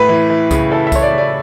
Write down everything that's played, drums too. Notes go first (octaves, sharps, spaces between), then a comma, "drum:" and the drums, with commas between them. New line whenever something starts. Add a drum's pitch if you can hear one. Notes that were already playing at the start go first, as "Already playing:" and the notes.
Already playing: A2 B4
E3
E3
C#3, drum: kick C2, tambourine
E4 A4
E5
E3 C#5, drum: kick C2, tambourine
D5
C#3 D5